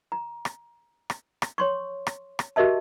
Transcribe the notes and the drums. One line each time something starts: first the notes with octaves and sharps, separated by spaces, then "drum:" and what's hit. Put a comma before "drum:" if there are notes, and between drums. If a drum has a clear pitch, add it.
A#5
drum: rim click
drum: rim click
drum: rim click
C#5 C6 C#6
drum: rim click
drum: rim click
F#4 G4 A#4 D#5 E5 A5